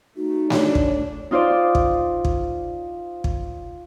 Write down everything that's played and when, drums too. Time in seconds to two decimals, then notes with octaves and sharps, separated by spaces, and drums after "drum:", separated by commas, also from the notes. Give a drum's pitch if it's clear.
0.16 A3 D#4 F#4
0.50 D4 C#5, drum: snare A3
0.75 drum: kick
1.31 D#4 F4 C5 D5
1.75 drum: kick
2.25 drum: kick
3.24 drum: kick